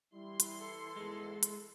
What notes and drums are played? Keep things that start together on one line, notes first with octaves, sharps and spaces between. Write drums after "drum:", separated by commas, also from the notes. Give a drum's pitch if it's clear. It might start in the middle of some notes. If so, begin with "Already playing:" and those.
E3 G3 E4 C6
drum: hi-hat
A4
E2 G#2 G#3
drum: hi-hat